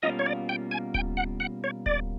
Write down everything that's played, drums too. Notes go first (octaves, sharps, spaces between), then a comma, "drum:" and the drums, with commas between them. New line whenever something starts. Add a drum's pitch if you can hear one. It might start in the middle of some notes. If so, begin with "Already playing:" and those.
B2 G3 A#3 C#4 F4 D#5
C#5
D5
G5
G#5
G5, drum: kick D1
F#5
F#5
C#5
D5, drum: kick D1